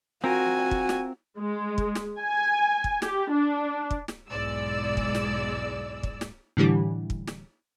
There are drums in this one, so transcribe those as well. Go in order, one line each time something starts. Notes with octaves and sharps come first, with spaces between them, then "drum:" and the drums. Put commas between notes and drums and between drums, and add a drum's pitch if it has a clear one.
C4 F4 F#4 A#4 G#5
drum: kick
drum: snare
G#3
drum: kick
drum: snare
G#5
drum: kick
G4, drum: snare
D4
drum: kick
drum: snare
B1 E2 G#2 G#3 D5 E6
drum: kick
drum: snare
drum: kick
drum: snare
A2 D3 E3 G3
drum: kick
drum: snare